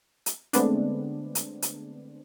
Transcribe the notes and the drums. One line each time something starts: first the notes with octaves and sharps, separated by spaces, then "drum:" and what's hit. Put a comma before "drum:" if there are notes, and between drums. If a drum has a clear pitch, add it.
drum: hi-hat
D3 G#3 A3 B3 C4 D4, drum: hi-hat
drum: hi-hat
drum: hi-hat